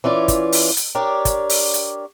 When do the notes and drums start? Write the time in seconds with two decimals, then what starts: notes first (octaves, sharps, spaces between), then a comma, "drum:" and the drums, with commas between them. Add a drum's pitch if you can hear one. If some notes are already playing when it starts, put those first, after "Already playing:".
0.04 E3 C#4 F4 D5
0.28 drum: kick, hi-hat
0.52 drum: open hi-hat
0.77 drum: hi-hat
0.95 D4 G4 A#4 C#5 D5
1.25 drum: kick, hi-hat
1.49 drum: open hi-hat
1.74 drum: hi-hat